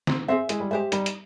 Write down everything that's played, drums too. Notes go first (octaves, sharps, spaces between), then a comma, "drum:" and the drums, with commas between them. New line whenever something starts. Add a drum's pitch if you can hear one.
C4 D#4, drum: snare
C4 G#4 C5 E5
G#3 E4, drum: hi-hat
G3
G#3 G4 C5 E5
G3 D#4, drum: hi-hat
drum: hi-hat